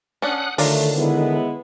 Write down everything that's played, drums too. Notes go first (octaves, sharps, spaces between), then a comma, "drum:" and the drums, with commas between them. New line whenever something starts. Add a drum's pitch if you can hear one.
C#4 D4 F#5 D#6 F#6
D3 D#3 F#3 A3 D4 F4, drum: open hi-hat
G#3 B3 E4